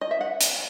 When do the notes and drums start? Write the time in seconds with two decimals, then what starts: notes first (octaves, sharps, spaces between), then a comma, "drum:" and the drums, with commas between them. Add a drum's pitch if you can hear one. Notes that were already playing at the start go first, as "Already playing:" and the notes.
0.01 D#5
0.11 E5
0.21 F#5
0.41 drum: hi-hat